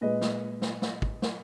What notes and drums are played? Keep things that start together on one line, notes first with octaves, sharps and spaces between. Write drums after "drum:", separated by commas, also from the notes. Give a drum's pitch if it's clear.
A#2 G#3 B4 D#5
drum: snare
drum: snare
drum: snare
drum: kick
drum: snare